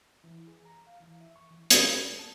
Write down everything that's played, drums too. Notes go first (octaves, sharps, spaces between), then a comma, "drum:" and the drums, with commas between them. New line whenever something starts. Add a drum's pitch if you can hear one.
E3
G#4
A#5
F5
E3
E5
C#6
E3
B2, drum: hi-hat
C6
A#3
A5